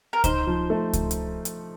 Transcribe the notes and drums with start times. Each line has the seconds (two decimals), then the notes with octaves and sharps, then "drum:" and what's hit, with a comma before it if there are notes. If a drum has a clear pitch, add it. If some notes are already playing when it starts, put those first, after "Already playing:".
0.13 A#4
0.24 D#4 C5, drum: kick C#2, hi-hat
0.47 F3
0.70 A3
0.93 drum: kick C#2, hi-hat
1.11 drum: hi-hat
1.45 drum: hi-hat